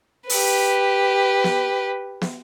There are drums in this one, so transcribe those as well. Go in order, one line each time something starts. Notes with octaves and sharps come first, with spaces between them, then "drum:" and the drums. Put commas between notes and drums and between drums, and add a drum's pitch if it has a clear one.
G4 B4, drum: open hi-hat
drum: snare
drum: snare